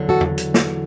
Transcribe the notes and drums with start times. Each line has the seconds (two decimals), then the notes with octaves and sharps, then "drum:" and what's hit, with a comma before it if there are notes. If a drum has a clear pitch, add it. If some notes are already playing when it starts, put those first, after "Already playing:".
Already playing: E2 D3 F#3
0.09 F#4 A4
0.21 drum: tom E2
0.38 drum: hi-hat
0.54 drum: snare